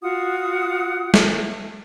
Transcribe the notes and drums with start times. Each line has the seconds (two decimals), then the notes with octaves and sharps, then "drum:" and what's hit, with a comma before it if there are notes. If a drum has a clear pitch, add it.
0.02 F4 F#4 F#5 D#6
1.14 drum: snare